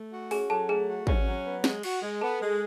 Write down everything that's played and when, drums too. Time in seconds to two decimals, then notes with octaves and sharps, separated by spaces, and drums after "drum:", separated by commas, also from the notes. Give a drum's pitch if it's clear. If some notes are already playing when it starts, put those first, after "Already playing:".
Already playing: A3
0.13 F#4
0.31 C#4 G#4 G#5, drum: open hi-hat
0.50 F#3 A4 A5
0.69 A3 G#4 G#5
0.89 F#4
1.07 C#4, drum: kick
1.27 F#3
1.45 B3
1.64 G#3, drum: snare
1.83 F#4, drum: cymbal
2.02 G#3
2.21 B3 A4 A5
2.41 G#3